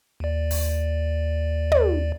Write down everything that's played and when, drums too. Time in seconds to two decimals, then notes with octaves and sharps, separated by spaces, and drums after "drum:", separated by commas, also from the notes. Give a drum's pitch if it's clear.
0.20 D#2 D5
0.51 drum: open hi-hat
1.72 drum: tom